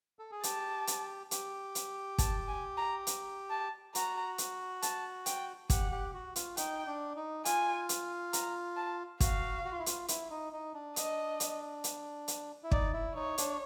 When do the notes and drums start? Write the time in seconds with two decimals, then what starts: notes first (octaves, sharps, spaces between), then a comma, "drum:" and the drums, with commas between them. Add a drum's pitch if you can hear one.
0.19 A4
0.31 G#4
0.43 G4 A5, drum: hi-hat
0.87 drum: hi-hat
1.31 G4, drum: hi-hat
1.75 drum: hi-hat
2.18 A5, drum: kick, hi-hat
2.48 G#5
2.78 A#5
3.07 drum: hi-hat
3.50 A5
3.95 F#4 A#5, drum: hi-hat
4.38 drum: hi-hat
4.82 A5, drum: hi-hat
5.26 G5, drum: hi-hat
5.70 G4 F#5, drum: kick, hi-hat
5.91 G4
6.14 F#4
6.36 F4, drum: hi-hat
6.57 D#4 G5, drum: hi-hat
6.87 D4
7.16 D#4
7.45 F4 G#5, drum: hi-hat
7.89 drum: hi-hat
8.33 A#5, drum: hi-hat
8.77 A5
9.20 F#4 F5, drum: kick, hi-hat
9.65 F#4
9.72 F4
9.79 E4
9.86 F4, drum: hi-hat
10.08 E4, drum: hi-hat
10.30 D#4
10.53 D#4
10.74 D4
10.96 D#5, drum: hi-hat
11.40 drum: hi-hat
11.84 drum: hi-hat
12.28 drum: hi-hat
12.63 E4
12.71 D#4 D5, drum: kick
12.93 E4
13.15 D#4 C#5
13.38 D4, drum: hi-hat